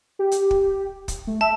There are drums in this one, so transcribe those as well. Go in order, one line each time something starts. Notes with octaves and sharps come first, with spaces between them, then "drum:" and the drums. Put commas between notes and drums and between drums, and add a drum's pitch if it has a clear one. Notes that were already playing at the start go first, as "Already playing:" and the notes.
G4
drum: hi-hat
drum: kick
drum: kick, hi-hat
A3
E5 A5